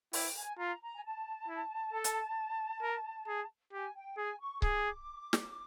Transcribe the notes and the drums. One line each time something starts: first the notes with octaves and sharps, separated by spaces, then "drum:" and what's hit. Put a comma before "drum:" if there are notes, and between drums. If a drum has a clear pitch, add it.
E4 G5, drum: open hi-hat
G#5
F4 A#5
A#5
G#5
A5
E4
A4
drum: hi-hat
A#4
G#4
G4 G#5
G5
G#4 G#5
C#6
G#4 D6, drum: kick C#1
drum: snare